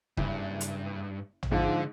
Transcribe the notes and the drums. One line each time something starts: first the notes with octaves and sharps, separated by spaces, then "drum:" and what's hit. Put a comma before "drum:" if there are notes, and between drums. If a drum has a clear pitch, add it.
F#1 G2, drum: kick D#1
drum: hi-hat
drum: tom
G#2 D3 F3